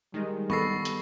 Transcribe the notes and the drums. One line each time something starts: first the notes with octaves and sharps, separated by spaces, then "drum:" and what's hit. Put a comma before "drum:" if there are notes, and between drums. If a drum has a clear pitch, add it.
D#3 G3 G#3
B3 A4 C#6 A#6 C7, drum: tom D#3
drum: hi-hat